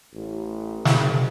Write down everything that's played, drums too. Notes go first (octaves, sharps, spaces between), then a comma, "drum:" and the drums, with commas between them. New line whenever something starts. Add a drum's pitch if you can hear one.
A1
F#1, drum: snare